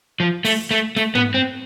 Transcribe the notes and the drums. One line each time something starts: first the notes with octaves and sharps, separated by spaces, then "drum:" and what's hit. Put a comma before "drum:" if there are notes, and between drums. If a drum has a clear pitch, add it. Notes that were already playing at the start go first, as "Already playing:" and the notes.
F3
A3, drum: open hi-hat
A3
A3, drum: snare
B3, drum: tom
C4